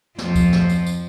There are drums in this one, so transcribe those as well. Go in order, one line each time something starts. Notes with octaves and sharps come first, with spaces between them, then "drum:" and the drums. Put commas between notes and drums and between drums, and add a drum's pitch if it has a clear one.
F2 F3, drum: snare
drum: kick D2, tambourine
drum: snare
drum: tambourine
drum: tambourine